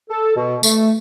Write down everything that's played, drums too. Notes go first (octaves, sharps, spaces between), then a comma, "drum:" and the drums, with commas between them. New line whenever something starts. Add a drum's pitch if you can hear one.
A4
B2
A3, drum: tambourine